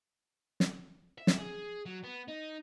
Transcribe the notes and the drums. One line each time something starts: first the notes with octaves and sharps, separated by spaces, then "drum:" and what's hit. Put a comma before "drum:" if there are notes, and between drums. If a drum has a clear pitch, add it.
drum: snare
E5
drum: snare
G#4
F#3
B3
D#4